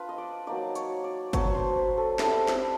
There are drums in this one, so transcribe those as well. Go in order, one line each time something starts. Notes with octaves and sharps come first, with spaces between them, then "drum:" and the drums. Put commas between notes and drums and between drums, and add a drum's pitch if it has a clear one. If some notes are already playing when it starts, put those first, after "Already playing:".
Already playing: D4 F4 B4
D#5
D5
F#3 A#3 D#4 D5
C#5, drum: hi-hat
D5
F#3 B3 D4 C#5, drum: kick G1, hi-hat
C5
B4
A4
G3 C4 E4 A4, drum: snare
drum: snare